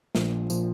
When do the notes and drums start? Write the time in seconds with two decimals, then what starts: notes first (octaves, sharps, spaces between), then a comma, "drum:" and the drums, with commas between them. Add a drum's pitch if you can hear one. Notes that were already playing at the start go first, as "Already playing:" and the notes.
0.15 A#1 A#2 F3, drum: snare
0.50 A#2 F3, drum: tambourine